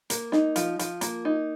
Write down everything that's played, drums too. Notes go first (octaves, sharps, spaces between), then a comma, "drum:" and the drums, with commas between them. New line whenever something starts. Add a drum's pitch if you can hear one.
A#3, drum: hi-hat
D#4, drum: snare
F3, drum: hi-hat
F3, drum: hi-hat
A#3, drum: hi-hat
D#4